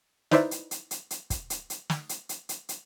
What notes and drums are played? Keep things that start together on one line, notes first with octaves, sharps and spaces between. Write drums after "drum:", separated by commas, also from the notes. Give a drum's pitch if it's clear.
D#4 E4 B4 C5 D5 E5, drum: snare
drum: hi-hat
drum: hi-hat
drum: hi-hat
drum: hi-hat
drum: kick, hi-hat
drum: hi-hat
drum: hi-hat
drum: snare
drum: hi-hat
drum: hi-hat
drum: hi-hat
drum: hi-hat